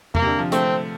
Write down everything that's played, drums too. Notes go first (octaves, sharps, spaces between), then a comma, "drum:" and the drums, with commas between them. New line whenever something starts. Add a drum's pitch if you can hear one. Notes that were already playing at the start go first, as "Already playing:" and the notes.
A#3, drum: tom E2
C3
D3
F3
A3 C4, drum: hi-hat